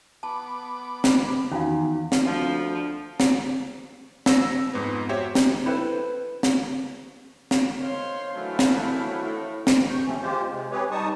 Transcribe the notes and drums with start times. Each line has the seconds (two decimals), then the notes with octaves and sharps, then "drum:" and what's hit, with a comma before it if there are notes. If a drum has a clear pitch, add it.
0.23 B3 A5 D6
1.04 drum: snare
1.52 E2 D#3 C#4 F#4 F5
2.12 drum: snare
2.25 D2 F3
3.20 drum: snare
4.26 E6 A#6, drum: snare
4.73 F2 G#2 B3
5.09 F#4 G4 C5 C#5 E5
5.35 drum: snare
5.66 E4 A4 B4 C5
6.43 drum: snare
7.51 drum: snare
7.81 D#3 C5 C#5 F5 C6
8.36 D3 E3 F#3 A3 E4
8.59 drum: snare
9.25 A2
9.67 drum: snare
9.90 D#2 C#6 G6
10.06 C3 D#3 F3 A3 C4 C#4
10.21 G#3 F4 G4 C5
10.50 C3 G#3
10.71 C4 G4 G#4 B4 C#5
10.91 G3 D#4 A5 C#6 D#6